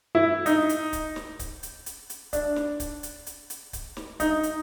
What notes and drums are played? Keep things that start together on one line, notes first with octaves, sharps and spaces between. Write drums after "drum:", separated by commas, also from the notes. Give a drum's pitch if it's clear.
E4
D#4, drum: hi-hat
drum: hi-hat
drum: kick C#1, hi-hat
drum: snare
drum: kick C#1, hi-hat
drum: hi-hat
drum: hi-hat
drum: hi-hat
D4, drum: kick C#1, hi-hat
drum: snare
drum: kick C#1, hi-hat
drum: hi-hat
drum: hi-hat
drum: hi-hat
drum: kick C#1, hi-hat
drum: snare
D#4, drum: kick C#1, hi-hat
drum: hi-hat